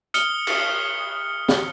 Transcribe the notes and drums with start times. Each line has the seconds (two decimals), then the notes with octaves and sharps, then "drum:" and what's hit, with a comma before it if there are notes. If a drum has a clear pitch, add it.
0.14 D#6 F6 C#7 G7, drum: hi-hat
0.47 drum: cymbal
1.49 drum: snare